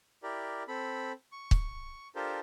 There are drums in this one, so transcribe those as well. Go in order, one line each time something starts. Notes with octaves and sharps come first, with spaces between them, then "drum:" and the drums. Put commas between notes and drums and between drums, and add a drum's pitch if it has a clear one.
E4 G4 A#4 D5
C4 A4 B5
C#6
drum: kick
D4 F4 G4 A4 A#4 C5